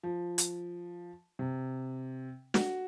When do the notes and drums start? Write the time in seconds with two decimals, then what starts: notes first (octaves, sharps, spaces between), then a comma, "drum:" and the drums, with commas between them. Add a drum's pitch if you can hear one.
0.03 F3
0.38 drum: hi-hat
1.39 C3
2.54 F#4, drum: snare